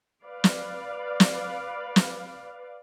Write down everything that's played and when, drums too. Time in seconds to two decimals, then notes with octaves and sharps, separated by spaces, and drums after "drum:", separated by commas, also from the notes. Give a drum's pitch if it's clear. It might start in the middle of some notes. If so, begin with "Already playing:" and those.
0.25 B4 D5 F5
0.44 drum: snare
1.20 drum: snare
1.96 drum: snare